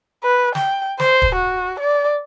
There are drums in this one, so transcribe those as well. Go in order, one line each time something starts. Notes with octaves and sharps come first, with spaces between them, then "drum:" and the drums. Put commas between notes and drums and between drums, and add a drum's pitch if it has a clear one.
B4
G5, drum: snare
C5, drum: snare
drum: kick
F#4
D5